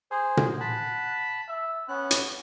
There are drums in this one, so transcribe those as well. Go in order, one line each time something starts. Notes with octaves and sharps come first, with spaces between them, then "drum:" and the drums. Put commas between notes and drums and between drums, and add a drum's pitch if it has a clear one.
G#4 C5
drum: tom A#2
F#5 A5 B5
E5
B3 C#4 F#6
drum: hi-hat